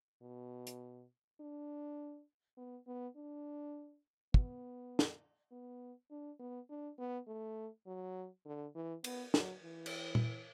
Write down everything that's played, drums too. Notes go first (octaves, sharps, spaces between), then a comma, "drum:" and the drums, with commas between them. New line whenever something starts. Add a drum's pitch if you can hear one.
B2
drum: hi-hat
D4
B3
B3
D4
B3, drum: kick
drum: snare
B3
D4
B3
D4
B3
A3
F#3
D3
E3
B3, drum: cymbal
F#3, drum: snare
E3
drum: cymbal
drum: tom